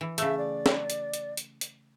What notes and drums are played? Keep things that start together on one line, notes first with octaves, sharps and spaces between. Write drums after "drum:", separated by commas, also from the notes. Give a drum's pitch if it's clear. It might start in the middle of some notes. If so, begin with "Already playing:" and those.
E3
C#3 A3 E5, drum: hi-hat
D5
drum: snare
drum: hi-hat
drum: hi-hat
drum: hi-hat
drum: hi-hat